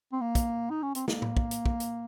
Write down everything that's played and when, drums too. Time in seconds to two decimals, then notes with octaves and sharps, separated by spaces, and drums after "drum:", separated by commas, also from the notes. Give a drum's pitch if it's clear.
0.12 C4
0.21 A#3
0.35 drum: kick, hi-hat
0.70 D#4
0.82 C#4
0.95 C4, drum: hi-hat
1.08 A#3, drum: snare
1.22 drum: tom A2
1.37 drum: kick
1.51 drum: hi-hat
1.66 drum: kick
1.80 drum: hi-hat